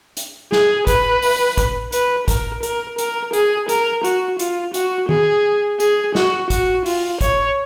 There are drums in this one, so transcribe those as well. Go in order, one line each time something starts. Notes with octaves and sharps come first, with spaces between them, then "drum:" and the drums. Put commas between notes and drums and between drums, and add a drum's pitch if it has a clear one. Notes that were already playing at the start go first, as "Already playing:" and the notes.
drum: hi-hat
G#4, drum: snare
B4, drum: kick, hi-hat
drum: open hi-hat
drum: kick, hi-hat
B4, drum: hi-hat
A#4, drum: kick, hi-hat
A#4, drum: hi-hat
A#4, drum: hi-hat
G#4, drum: hi-hat
A#4, drum: hi-hat
F#4, drum: hi-hat
F4, drum: hi-hat
F#4, drum: hi-hat
G#4, drum: tom D#3
G#4, drum: hi-hat
F#4, drum: snare
F#4, drum: kick, hi-hat
F4, drum: open hi-hat
C#5, drum: kick, hi-hat